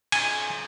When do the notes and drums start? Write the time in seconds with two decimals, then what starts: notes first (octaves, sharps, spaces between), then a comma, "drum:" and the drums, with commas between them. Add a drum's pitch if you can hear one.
0.12 G#5, drum: cymbal